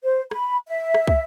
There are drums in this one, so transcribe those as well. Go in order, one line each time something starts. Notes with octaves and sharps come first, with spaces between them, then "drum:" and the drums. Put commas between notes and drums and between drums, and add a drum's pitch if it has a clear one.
C5
B5, drum: rim click
E5
drum: rim click
drum: kick